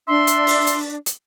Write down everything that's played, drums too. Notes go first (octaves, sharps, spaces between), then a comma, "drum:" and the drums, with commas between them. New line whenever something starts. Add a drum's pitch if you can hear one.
D4 E5 C6
drum: hi-hat
drum: open hi-hat
drum: hi-hat
drum: hi-hat